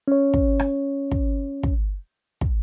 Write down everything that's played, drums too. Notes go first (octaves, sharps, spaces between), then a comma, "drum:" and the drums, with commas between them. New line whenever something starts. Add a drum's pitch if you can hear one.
C#4 C#5
drum: kick
drum: rim click
drum: kick
drum: kick
drum: kick